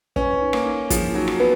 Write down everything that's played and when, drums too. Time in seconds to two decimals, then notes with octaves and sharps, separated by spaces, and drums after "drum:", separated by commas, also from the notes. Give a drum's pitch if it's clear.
0.16 C#4 B4, drum: kick
0.41 D#4
0.53 A#3, drum: rim click
0.65 D#4
0.90 F3 G#4, drum: kick, hi-hat
1.15 F#3 D#4
1.28 drum: rim click
1.40 B3 B4